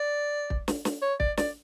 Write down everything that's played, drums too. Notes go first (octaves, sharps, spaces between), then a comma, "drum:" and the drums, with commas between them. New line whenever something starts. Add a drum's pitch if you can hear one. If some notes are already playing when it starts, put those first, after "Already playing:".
Already playing: D5
drum: kick
drum: snare
drum: snare
C#5
D5, drum: kick
D5, drum: snare